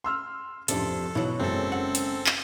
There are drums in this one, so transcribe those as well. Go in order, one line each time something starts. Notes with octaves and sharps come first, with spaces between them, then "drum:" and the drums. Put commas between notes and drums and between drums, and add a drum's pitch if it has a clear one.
C6 E6 F6
A1 F2 C3 D4 A4, drum: hi-hat
B1 B2 E3 F#3
F#1 F#2 G#3 C4 A4
F#5
drum: hi-hat
drum: clap